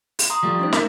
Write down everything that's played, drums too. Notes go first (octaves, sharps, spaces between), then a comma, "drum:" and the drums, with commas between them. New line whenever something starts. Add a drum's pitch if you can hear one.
drum: open hi-hat
A#5 C6 D#6
F3 G3 A3
C#4 D#4 C5
A3 A#4 E5, drum: snare